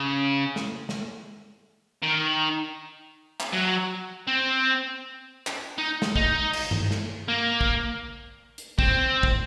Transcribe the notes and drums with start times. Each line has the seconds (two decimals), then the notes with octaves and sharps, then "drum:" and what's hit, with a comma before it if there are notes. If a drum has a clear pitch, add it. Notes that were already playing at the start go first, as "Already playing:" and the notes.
Already playing: C#3
0.56 drum: snare
0.89 drum: snare
2.03 D#3
3.40 drum: clap
3.53 F#3
4.28 C4
5.47 drum: clap
5.78 D#4
6.02 drum: snare
6.16 D#4, drum: kick
6.53 drum: cymbal
6.71 drum: tom G2
6.91 drum: snare
7.28 A#3
7.61 drum: kick
8.58 drum: hi-hat
8.79 C4, drum: kick
9.23 drum: kick